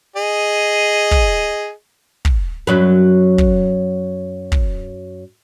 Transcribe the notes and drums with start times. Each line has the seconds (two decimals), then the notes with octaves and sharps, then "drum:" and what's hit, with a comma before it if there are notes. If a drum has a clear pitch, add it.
0.16 G#4 D#5
1.11 drum: kick
2.25 drum: kick
2.67 F#2 F#3 B4
3.38 drum: kick
4.52 drum: kick